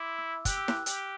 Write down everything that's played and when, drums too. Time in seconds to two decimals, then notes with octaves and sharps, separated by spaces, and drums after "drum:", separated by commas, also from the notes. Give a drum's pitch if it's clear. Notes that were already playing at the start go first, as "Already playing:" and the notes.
Already playing: E4 C6 D6 E6
0.18 E6
0.45 G4 F#6, drum: kick, hi-hat
0.57 E6
0.68 F#6, drum: snare E4
0.86 G4, drum: hi-hat